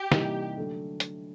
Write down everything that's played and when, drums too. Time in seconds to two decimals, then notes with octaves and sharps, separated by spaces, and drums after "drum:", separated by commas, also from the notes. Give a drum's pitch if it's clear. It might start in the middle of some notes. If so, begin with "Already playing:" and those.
Already playing: G4
0.12 C3 E3 G3 A#3 D#4, drum: snare
0.58 D3 F#3 A3
1.00 drum: hi-hat